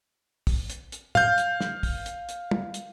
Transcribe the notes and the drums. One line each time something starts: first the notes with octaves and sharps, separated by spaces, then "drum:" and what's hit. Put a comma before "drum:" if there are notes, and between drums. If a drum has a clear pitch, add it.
drum: kick, open hi-hat
drum: hi-hat
drum: hi-hat
F5 G6, drum: tom
drum: hi-hat
drum: snare
drum: kick, open hi-hat
drum: hi-hat
drum: hi-hat
drum: tom
drum: hi-hat